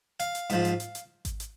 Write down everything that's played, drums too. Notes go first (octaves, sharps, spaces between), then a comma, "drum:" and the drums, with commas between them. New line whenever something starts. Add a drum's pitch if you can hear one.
F5, drum: hi-hat
drum: hi-hat
G#2 F3, drum: hi-hat
drum: hi-hat
drum: hi-hat
drum: hi-hat
drum: kick G#1, hi-hat
drum: hi-hat